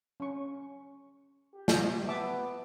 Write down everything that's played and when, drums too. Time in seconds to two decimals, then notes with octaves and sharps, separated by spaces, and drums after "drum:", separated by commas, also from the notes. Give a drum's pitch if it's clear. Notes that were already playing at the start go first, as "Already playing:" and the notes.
0.20 C#4 C#6
1.54 G4
1.68 drum: snare
2.08 B3 E5 A5 D6